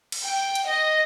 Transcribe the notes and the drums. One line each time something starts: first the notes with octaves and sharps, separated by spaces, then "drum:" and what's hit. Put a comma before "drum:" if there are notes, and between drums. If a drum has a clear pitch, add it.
drum: cymbal
G5
drum: hi-hat
D#5